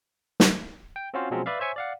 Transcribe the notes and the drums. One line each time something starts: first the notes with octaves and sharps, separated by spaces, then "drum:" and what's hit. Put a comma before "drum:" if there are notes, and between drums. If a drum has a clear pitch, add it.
drum: snare
G5
C4 C#4 F4 F#4 C5 F5
B2 F3 F#3 G#3 C4 C#4
B4 D5 E5 F5
C5 C#5 E5 G#5 C#6
D5 F5 F#5